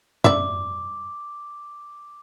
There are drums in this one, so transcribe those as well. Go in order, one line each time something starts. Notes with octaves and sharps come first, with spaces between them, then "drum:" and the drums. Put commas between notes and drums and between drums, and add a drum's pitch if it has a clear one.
D5 E5 D6, drum: tom